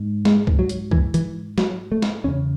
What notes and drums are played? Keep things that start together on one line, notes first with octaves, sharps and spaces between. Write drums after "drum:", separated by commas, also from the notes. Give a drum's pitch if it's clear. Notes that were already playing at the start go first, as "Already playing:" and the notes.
Already playing: G#2
G#3, drum: snare
drum: kick C2
F#3
drum: hi-hat
E3, drum: kick C2
E3, drum: hi-hat
F#3, drum: snare
A3
drum: snare
E2 C#3 C#4